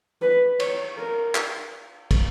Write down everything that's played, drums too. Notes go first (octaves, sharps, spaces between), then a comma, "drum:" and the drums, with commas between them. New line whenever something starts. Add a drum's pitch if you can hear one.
B4
C#5, drum: cymbal
A#4
drum: clap
drum: kick, cymbal